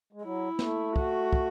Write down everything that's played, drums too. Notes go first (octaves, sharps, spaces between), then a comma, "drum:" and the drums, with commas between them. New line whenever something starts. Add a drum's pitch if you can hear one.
G#3
F#3 E4
A3, drum: snare
F#4, drum: kick
drum: kick